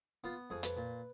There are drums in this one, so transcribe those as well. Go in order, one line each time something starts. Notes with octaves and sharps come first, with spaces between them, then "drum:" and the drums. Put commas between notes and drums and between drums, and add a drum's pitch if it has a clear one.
B3 F4
F2 G#4
B4, drum: hi-hat
A#2